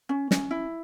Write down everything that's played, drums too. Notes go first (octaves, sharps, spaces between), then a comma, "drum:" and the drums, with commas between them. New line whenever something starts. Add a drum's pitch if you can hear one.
C#4
C#4, drum: snare
E4